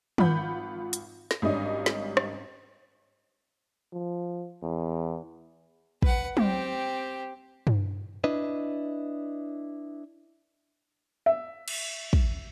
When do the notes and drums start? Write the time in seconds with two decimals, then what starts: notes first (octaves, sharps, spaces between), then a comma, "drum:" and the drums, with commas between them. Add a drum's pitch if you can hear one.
0.18 G#1 F4 F#5 B5 G6, drum: tom D#3
0.93 drum: hi-hat
1.31 drum: snare
1.42 G#1 G3 C#4 D4 D#5
1.86 drum: snare
2.17 drum: rim click
3.93 F3
4.62 E2
6.02 B4 F#5, drum: kick
6.37 C4 G4, drum: tom
7.67 drum: tom G2
8.24 D4 E4 B4 D#5
11.26 E5
11.68 drum: cymbal
12.13 drum: kick